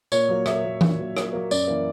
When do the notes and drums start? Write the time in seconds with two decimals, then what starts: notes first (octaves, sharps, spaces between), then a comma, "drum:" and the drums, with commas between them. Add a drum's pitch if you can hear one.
0.12 A#2 C#5, drum: tambourine
0.29 F#3 A#3
0.46 A#2 E5, drum: rim click
0.64 F#3 A#3
0.81 A#2, drum: tom E3
0.98 F#3 A#3
1.17 A#2, drum: rim click
1.33 F#3 A#3
1.51 F#2 D5, drum: tambourine
1.68 E3 A#3